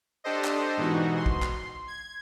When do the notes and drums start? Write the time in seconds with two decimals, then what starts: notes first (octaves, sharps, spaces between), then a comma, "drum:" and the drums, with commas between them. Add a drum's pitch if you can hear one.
0.24 D4 G4 A4 C5 D#5
0.44 drum: clap
0.77 G#2 B2 E3 D#4 F#4
1.17 C6
1.26 drum: kick
1.42 drum: clap
1.88 G#6